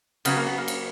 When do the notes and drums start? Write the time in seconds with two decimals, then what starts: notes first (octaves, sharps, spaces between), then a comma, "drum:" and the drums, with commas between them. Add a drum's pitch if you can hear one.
0.25 C#3 F#3 B3, drum: cymbal
0.36 A#3
0.47 B3
0.57 A#3
0.68 drum: cymbal